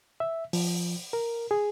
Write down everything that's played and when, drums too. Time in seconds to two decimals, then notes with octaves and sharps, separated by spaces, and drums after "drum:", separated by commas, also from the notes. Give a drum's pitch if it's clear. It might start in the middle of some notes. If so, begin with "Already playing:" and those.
0.20 E5
0.53 F3, drum: open hi-hat
1.13 A#4
1.51 G#4